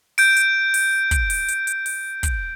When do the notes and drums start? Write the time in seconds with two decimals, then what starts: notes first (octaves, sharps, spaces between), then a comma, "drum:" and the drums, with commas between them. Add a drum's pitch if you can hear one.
0.18 G6 D7, drum: open hi-hat
0.37 drum: hi-hat
0.74 drum: open hi-hat
1.11 drum: kick, hi-hat
1.30 drum: open hi-hat
1.48 drum: hi-hat
1.67 drum: hi-hat
1.86 drum: open hi-hat
2.23 drum: kick, hi-hat